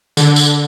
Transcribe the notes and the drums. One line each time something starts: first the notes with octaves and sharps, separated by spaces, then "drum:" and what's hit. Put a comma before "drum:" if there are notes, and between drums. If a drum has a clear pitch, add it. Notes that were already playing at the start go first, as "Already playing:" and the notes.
D3, drum: tambourine
drum: tambourine